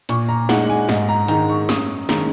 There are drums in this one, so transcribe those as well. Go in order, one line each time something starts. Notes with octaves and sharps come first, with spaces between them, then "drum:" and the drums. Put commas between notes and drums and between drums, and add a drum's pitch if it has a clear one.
A#2 C#6, drum: hi-hat
A#5
G#3 D#4 F#5, drum: snare
G#5
G#2 D#5, drum: snare
A#5
D#3 G#3 D#4 A#5, drum: hi-hat
C#6
F#2 D#6, drum: snare
D#3 G#3 C#4 A#5, drum: snare